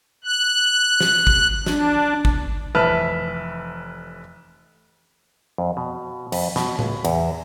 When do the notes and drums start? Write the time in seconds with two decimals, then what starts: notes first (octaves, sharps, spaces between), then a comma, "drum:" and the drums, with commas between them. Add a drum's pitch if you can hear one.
0.24 F#6
1.01 drum: snare
1.27 drum: kick
1.66 D4, drum: snare
2.25 drum: kick
2.75 F1 E3 B4 E5 A5 F6
5.58 F2
5.77 B2
6.32 F2, drum: cymbal
6.56 B2, drum: snare
6.79 C#2, drum: tom A2
7.05 E2, drum: cymbal